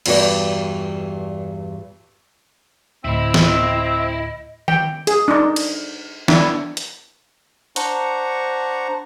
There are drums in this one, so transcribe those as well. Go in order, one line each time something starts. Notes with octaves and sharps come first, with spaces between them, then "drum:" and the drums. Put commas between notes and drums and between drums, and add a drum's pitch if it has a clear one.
E2 G2 F#4 D5, drum: cymbal
D2 A2 C4 E4 D#5 B5
drum: snare
G5, drum: tom D#3
G#4, drum: hi-hat
D4 D#4
drum: cymbal
D4 E4, drum: snare
drum: hi-hat
D4 C5 F#5 A#5 C#6, drum: hi-hat